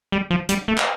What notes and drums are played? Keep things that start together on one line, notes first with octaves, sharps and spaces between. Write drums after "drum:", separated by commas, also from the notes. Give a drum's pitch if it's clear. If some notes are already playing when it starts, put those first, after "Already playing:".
G3
F3
G3, drum: hi-hat
A3
drum: clap